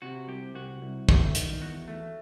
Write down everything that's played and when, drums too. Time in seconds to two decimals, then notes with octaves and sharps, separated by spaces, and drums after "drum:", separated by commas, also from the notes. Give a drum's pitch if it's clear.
0.02 C3 F#4
0.28 C2 G4
0.55 C2 F#4
0.82 C2
1.09 A3, drum: kick
1.35 D#3, drum: hi-hat
1.61 E2 F#4
1.88 A3